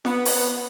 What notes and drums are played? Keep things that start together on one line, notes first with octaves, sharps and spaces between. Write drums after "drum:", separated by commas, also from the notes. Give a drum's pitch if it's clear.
B3, drum: snare F4
drum: open hi-hat